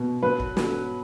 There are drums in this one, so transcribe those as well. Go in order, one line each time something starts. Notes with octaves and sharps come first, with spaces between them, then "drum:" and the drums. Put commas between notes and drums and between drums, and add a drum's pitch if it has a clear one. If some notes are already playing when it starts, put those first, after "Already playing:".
Already playing: B2
F#3 B4
drum: kick
F#3, drum: snare